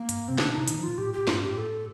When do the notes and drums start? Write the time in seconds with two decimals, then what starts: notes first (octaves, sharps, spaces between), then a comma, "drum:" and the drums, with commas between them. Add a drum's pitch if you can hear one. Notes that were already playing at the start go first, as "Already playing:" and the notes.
Already playing: A#3
0.09 G2, drum: hi-hat
0.28 C3 C4
0.38 D3 D4, drum: snare
0.48 A#2
0.54 C3 D#4
0.68 D#3 D#4, drum: hi-hat
0.78 F3
0.83 A#2 F4
0.98 A2 G4
1.13 A2 G4
1.27 G2 F4, drum: snare
1.43 A2 G4
1.58 A4